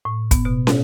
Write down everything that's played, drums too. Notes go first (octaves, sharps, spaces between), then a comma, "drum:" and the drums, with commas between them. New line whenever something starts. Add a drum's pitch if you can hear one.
A2
B3, drum: kick, hi-hat
B2
drum: snare